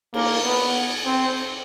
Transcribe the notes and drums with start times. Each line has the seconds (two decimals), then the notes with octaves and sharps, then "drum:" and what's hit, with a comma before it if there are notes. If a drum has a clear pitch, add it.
0.14 A#3, drum: cymbal
0.44 B3
1.05 C4